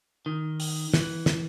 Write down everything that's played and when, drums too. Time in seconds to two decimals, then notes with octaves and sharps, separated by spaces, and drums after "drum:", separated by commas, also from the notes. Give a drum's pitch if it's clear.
0.26 D#3
0.60 drum: open hi-hat
0.94 E3, drum: snare
1.26 drum: snare